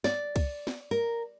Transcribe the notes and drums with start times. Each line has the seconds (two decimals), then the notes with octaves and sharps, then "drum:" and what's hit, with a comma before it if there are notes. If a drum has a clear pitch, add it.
0.04 D5, drum: snare
0.36 drum: kick C2, cymbal
0.67 drum: snare
0.91 A#4